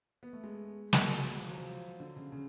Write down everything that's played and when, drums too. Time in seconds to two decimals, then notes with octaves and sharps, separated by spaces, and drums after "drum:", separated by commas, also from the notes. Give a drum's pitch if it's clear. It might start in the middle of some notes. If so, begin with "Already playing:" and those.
0.23 B3
0.33 A3
0.44 G#3
0.93 drum: snare
1.06 F#3
1.38 F3
1.47 F#3
1.58 F3
2.00 D3
2.16 C#3
2.32 C#3